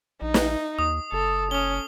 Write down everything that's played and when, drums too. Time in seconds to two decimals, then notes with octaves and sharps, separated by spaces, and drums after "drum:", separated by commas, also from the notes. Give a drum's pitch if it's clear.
0.22 A#1 D#4
0.34 drum: snare
0.79 D#2 D#6
1.12 F#1 A4
1.51 C#4 D#6 G7